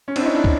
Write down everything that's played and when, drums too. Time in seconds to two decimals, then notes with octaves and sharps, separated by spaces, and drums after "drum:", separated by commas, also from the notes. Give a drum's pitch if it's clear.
0.08 C#4
0.16 C4 D4, drum: cymbal
0.20 E4
0.25 C#4 D#4
0.35 D4 E4
0.44 drum: kick